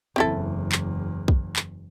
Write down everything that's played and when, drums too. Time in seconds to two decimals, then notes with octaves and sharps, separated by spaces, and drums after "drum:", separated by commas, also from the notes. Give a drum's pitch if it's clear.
0.16 F#1 E2 C4 E4 A4
0.72 drum: clap
1.28 drum: kick
1.56 drum: clap